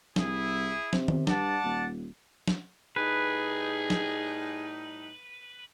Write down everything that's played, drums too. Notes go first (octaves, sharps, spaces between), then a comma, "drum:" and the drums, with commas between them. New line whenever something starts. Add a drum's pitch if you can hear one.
C2 E4 G#4, drum: snare
C3, drum: snare
drum: tom D#3
G2 D5 F#5 A5, drum: snare
D#1
drum: snare
A2 G3 D#4 G#4 B4
drum: snare